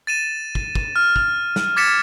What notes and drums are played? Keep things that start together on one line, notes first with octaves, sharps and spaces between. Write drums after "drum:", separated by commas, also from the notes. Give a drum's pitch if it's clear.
A6 D#7 E7
drum: kick
drum: kick
F6
drum: kick
drum: snare
D6 G#6 A6 B6 C#7 E7